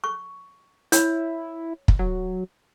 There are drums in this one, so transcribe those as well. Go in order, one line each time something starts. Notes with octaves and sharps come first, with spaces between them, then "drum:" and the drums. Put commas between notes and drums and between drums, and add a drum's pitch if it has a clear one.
C#6
E4 C#5, drum: hi-hat
drum: kick
F#3